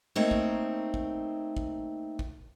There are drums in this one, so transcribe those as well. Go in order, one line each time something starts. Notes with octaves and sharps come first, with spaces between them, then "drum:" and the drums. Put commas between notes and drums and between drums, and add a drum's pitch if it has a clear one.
A3 A#3 C4 D#4 C#5
drum: kick
drum: kick
drum: kick
drum: kick